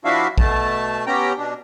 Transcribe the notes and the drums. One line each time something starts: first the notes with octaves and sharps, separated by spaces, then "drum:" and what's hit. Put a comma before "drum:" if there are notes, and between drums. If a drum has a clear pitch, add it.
F3 D4 E4 F#4 E5 F5
B2 A3 A5, drum: kick A#1
B3 C#4 G4 G5 A#5
B2 D4